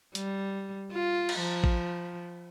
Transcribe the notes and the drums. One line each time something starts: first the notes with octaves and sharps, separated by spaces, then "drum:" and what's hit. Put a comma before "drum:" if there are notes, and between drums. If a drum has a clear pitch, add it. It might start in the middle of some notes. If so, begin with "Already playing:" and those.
G3, drum: hi-hat
F4
drum: cymbal
F3
drum: kick A1